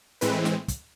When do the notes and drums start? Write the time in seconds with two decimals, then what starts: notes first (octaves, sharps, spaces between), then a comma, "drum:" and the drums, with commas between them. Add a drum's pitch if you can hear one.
0.21 A2 E3 G#3 C4 B4, drum: hi-hat
0.45 drum: snare
0.68 drum: kick, hi-hat